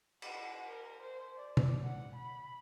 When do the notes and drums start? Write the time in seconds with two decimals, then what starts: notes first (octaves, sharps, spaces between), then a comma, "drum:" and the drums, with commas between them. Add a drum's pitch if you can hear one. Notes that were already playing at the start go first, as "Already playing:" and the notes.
0.22 F#5, drum: cymbal
0.67 A#4
1.02 C5
1.37 D5
1.57 drum: tom B2
1.83 F#5
2.15 B5